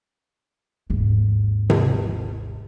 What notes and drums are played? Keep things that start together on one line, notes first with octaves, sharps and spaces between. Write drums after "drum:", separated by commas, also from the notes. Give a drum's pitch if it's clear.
G#1 D#2
drum: tom C3